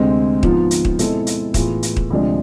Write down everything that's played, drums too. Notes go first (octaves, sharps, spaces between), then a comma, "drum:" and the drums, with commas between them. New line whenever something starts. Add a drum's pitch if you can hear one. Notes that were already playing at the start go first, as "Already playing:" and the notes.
Already playing: D2 C3 G#3 C4
G#2 F3 B3 F4, drum: kick
drum: hi-hat
drum: kick
B2 G#3 C4 E4 A4, drum: hi-hat
drum: hi-hat
A2 E3 B3 F4 G#4, drum: kick, hi-hat
drum: hi-hat
drum: kick
D2 C3 F3 G#3 D4